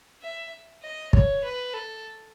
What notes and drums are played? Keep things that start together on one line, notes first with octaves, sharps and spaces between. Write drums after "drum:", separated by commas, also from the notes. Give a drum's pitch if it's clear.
E5
D#5
C#5, drum: kick
B4
A4